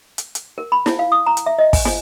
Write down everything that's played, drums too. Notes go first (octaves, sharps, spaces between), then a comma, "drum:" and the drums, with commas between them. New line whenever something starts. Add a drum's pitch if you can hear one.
drum: hi-hat
drum: hi-hat
A#4
B5
E4, drum: snare
F5
D#6
A#5
drum: hi-hat
E5
D#5
G#5, drum: kick, open hi-hat
G#5, drum: snare